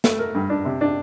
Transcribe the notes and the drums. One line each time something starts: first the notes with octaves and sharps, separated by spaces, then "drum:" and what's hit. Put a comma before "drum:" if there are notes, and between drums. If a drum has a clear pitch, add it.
A3, drum: snare
A#4
G2
D4
C3
D4